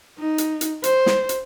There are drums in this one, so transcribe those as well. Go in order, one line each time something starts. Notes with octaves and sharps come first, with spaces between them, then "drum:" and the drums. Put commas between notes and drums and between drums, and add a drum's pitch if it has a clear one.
D#4
drum: hi-hat
drum: hi-hat
C5, drum: hi-hat
drum: snare
drum: hi-hat